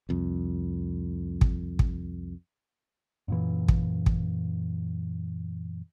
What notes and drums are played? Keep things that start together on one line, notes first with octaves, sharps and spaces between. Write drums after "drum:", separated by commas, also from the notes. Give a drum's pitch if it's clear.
C2 F2
drum: kick
drum: kick
F#2 A#2 E3
drum: kick
drum: kick